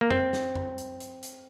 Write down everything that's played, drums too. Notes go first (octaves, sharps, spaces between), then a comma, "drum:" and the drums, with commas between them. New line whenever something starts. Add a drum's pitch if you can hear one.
A#3
C4, drum: tom F2
drum: snare
drum: tom F2
drum: hi-hat
drum: hi-hat
drum: hi-hat